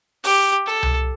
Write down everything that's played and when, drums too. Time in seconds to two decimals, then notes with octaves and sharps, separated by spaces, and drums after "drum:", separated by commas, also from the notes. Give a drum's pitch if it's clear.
0.24 G4, drum: open hi-hat
0.66 A4
0.83 drum: tom C2